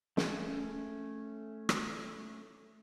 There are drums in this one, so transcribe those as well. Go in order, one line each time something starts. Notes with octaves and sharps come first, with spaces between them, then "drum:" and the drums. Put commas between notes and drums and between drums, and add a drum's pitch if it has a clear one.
A3 C#4, drum: snare
drum: rim click